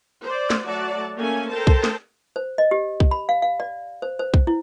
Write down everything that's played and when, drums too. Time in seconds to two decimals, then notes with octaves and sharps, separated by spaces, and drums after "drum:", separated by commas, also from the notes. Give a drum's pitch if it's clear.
0.24 C5 D5
0.50 drum: snare
0.65 F#3 A3 F#4 D5 A5
1.17 A3 A#3 C#4 G#5
1.49 A4 A#4 C5 G5 A5
1.67 drum: kick B1
1.84 drum: snare
2.36 C5
2.58 D#5
2.71 G4
3.00 drum: kick B1
3.11 B5
3.29 F5
3.42 F5
3.60 D5
4.02 C5
4.19 C5
4.34 drum: kick B1
4.47 E4